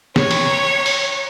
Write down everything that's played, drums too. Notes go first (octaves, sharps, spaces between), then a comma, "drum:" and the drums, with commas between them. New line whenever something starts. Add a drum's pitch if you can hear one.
C#5, drum: snare
drum: cymbal
drum: open hi-hat